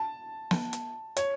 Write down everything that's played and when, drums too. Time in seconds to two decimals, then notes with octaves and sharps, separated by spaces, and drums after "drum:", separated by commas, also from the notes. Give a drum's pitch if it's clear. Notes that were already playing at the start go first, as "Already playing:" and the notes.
Already playing: A5
0.51 drum: snare
0.73 drum: hi-hat
1.17 C#5, drum: hi-hat